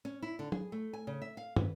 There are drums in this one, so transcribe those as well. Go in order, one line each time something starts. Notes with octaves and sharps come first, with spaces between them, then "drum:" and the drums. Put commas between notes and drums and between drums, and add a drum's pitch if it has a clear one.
C#4
E4
D3
G#4, drum: tom
A3
G#5
C#3
E5
F5
B4, drum: tom